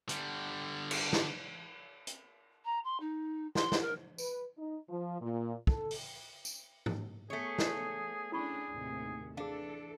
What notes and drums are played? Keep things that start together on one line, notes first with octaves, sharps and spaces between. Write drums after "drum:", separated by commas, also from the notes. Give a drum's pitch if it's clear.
D3 G3, drum: hi-hat
drum: cymbal
drum: snare
drum: hi-hat
A#5
C6
D#4
C6, drum: snare
drum: snare
A#4
B4, drum: tambourine
D#4
F3
A#2
A4, drum: kick
drum: open hi-hat
drum: tambourine
drum: tom
A3 B3 G#4 C#5
drum: snare
C#4 D4 E4 G#4 B5 C#6
D#2 A2 C3
E3 D4 G#4 A4 F5